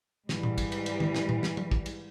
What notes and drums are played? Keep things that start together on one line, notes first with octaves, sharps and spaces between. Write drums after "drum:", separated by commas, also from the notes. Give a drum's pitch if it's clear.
G#2 E3 G3, drum: snare
drum: tom
drum: kick, cymbal
drum: cymbal
drum: cymbal
drum: tom
drum: snare
drum: tom
drum: snare
drum: tom
drum: kick
drum: cymbal